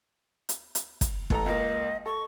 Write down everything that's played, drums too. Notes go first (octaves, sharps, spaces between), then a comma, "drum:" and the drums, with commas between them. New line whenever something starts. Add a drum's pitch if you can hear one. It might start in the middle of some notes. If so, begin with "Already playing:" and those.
drum: hi-hat
drum: hi-hat
drum: kick, hi-hat
A1 A4 A#5, drum: kick
C#2 A#3 D#5
A4 C#6